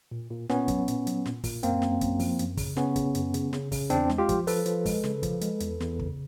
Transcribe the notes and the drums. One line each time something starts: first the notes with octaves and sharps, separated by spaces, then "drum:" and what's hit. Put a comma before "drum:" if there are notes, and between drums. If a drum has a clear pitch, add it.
A#2
A#2
A#2 B3 C#4, drum: snare
F#3, drum: kick, hi-hat
A#2, drum: hi-hat
F#3, drum: hi-hat
A#2, drum: snare
A#2, drum: kick, open hi-hat
F#2 A#3 C4, drum: hi-hat
F#2, drum: snare
F#2, drum: kick, hi-hat
F3, drum: open hi-hat
F#2, drum: hi-hat
C#3, drum: kick, open hi-hat
C#3 B3 C#4, drum: snare
C#3, drum: kick, hi-hat
F#2, drum: hi-hat
C#3, drum: hi-hat
C#3, drum: snare
C#3, drum: kick, open hi-hat
E2 C4 D4, drum: hi-hat
G#3, drum: snare
F4 G4
F3, drum: kick, hi-hat
F3 A4 B4, drum: open hi-hat
F3, drum: hi-hat
G#3, drum: kick, open hi-hat
C#3, drum: snare
F3, drum: kick, hi-hat
G#3, drum: hi-hat
E2, drum: hi-hat
E2, drum: snare
C#3, drum: kick